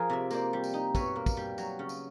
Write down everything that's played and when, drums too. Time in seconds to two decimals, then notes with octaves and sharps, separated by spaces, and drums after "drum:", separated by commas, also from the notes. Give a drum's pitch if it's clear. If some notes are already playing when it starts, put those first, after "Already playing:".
Already playing: F3 G#4 A#4
0.10 C3 D5 E5
0.31 A#3 C5 D5, drum: tambourine
0.53 G3
0.64 drum: tambourine
0.74 D#4
0.95 B2 B4 C#5, drum: kick, tambourine
1.16 A#3
1.26 drum: kick, tambourine
1.37 G3
1.58 F#3, drum: tambourine
1.79 C#3
1.89 drum: tambourine